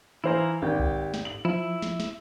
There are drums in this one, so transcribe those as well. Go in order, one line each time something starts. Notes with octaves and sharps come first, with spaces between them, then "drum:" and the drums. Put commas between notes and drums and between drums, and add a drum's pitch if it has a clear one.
E3 E4 C5 F5 A#5
G#1 G4
drum: kick B1
drum: snare
F#7
F3 E4 E5
drum: snare
drum: snare